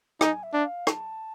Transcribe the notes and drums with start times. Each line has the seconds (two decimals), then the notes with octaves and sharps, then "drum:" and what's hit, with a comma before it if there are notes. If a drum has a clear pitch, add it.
0.21 D#4 G#5, drum: rim click
0.43 E5
0.54 D4
0.65 F5
0.87 A5, drum: rim click